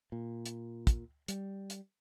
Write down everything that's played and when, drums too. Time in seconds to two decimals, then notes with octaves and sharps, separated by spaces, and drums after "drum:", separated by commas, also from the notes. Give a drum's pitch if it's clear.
0.12 A#2
0.46 drum: hi-hat
0.87 drum: kick, hi-hat
1.28 G3, drum: hi-hat
1.70 drum: hi-hat